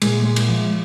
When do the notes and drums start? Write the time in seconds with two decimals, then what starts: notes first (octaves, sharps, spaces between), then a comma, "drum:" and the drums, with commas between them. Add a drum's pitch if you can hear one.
0.02 A#2 G#3, drum: cymbal
0.25 G#3
0.36 drum: cymbal
0.49 F3